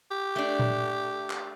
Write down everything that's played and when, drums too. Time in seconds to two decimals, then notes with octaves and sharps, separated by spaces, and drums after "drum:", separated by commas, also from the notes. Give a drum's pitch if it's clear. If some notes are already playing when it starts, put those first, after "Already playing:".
0.11 G4
0.36 A3 D4
0.59 drum: tom A#2
1.30 drum: clap